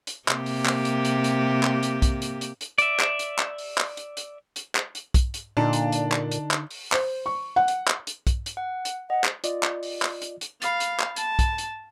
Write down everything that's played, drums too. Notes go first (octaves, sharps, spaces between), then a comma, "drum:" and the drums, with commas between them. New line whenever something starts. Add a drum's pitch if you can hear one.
drum: hi-hat
C3 A#3 G4, drum: clap
drum: open hi-hat
drum: clap
drum: hi-hat
drum: hi-hat
drum: hi-hat
drum: clap
drum: hi-hat
drum: kick B1, hi-hat
drum: hi-hat
drum: hi-hat
drum: hi-hat
D5 E5, drum: hi-hat
drum: clap
drum: hi-hat
drum: clap
drum: open hi-hat
drum: clap
drum: hi-hat
drum: hi-hat
drum: hi-hat
drum: clap
drum: hi-hat
drum: kick B1, hi-hat
drum: hi-hat
A#2 D3 D4 D#4
drum: hi-hat
drum: hi-hat
drum: clap
drum: hi-hat
drum: clap
drum: open hi-hat
C5, drum: clap
C#6
F#5
drum: hi-hat
drum: clap
drum: hi-hat
drum: kick B1, hi-hat
drum: hi-hat
F#5
drum: hi-hat
D#5 F#5
drum: clap
F4 D5 D#5, drum: hi-hat
drum: clap
drum: open hi-hat
drum: clap
drum: hi-hat
drum: hi-hat
F5 B5 A6, drum: hi-hat
drum: hi-hat
drum: clap
A5, drum: hi-hat
drum: kick B1, hi-hat
drum: hi-hat